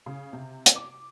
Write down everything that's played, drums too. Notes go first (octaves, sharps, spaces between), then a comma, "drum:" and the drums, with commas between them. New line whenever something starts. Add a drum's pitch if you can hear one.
C#3
C3
drum: hi-hat
D6